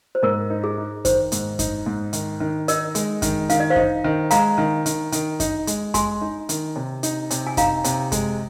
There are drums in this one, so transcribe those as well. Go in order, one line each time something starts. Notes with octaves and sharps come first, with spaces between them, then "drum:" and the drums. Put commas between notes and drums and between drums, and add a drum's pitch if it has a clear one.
C5
G#2 A#4
D#4
G#4
D#4
D#3 C5, drum: kick F#2, hi-hat
G#2, drum: hi-hat
D#4, drum: kick F#2, hi-hat
G#2
D#3, drum: hi-hat
D#3
D#4 A#4 D#5, drum: hi-hat
G#3, drum: hi-hat
D#3, drum: kick F#2, hi-hat
D#3 F5, drum: hi-hat
D#5
C5 F5
D#4, drum: kick F#2
D#3
G#3 F5 A#5, drum: hi-hat
D#3
D#3, drum: hi-hat
D#3, drum: hi-hat
D#4, drum: kick F#2, hi-hat
G#3, drum: hi-hat
G#3 G#5 C6, drum: kick F#2, hi-hat
D#4
D#3, drum: hi-hat
C3
D#4, drum: hi-hat
C3, drum: hi-hat
G#5
D#4 F5 A#5, drum: kick F#2, hi-hat
C3, drum: hi-hat
G#3, drum: kick F#2, hi-hat